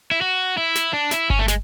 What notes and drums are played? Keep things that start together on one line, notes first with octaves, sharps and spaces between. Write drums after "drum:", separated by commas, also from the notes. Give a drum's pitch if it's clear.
E4
F#4
E4
drum: snare
D4
E4, drum: snare
C#4, drum: kick G1
A3
G#3, drum: snare